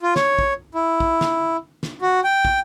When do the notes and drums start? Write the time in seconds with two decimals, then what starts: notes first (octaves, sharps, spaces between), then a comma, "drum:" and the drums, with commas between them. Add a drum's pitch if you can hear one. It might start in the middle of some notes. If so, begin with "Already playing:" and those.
0.03 F4
0.16 C#5, drum: snare
0.39 drum: kick
0.75 E4
1.00 drum: kick
1.21 drum: snare
1.83 drum: snare
2.02 F#4
2.24 G5
2.45 drum: kick